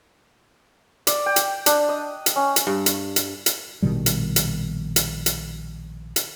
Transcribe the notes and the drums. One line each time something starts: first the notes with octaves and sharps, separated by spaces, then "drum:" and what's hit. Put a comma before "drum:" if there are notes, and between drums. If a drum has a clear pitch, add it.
D5, drum: hi-hat
G5
drum: hi-hat
D4, drum: hi-hat
D#5
drum: hi-hat
C#4
drum: hi-hat
G2
drum: hi-hat
drum: hi-hat
drum: hi-hat
A#1 B2 D#3 G3
drum: hi-hat
drum: hi-hat
drum: hi-hat
drum: hi-hat
drum: hi-hat